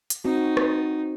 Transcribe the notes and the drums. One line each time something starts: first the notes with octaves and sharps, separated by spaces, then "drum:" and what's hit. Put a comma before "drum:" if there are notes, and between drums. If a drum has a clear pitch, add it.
drum: hi-hat
C4 D#4 F#4
drum: rim click